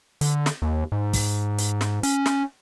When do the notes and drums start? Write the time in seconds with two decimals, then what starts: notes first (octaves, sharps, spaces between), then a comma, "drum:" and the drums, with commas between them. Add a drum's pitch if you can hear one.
0.21 D3, drum: hi-hat
0.46 drum: snare
0.62 D#2
0.92 G#2
1.13 drum: kick, open hi-hat
1.58 drum: hi-hat
1.81 drum: snare
2.03 C#4, drum: hi-hat
2.26 drum: snare